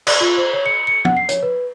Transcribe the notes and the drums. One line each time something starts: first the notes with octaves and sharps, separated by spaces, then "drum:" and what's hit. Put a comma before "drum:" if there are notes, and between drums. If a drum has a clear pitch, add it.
D5, drum: cymbal
F4
C5
C#5
C#7
C#7
F#5, drum: tom
C7
C#5, drum: hi-hat
B4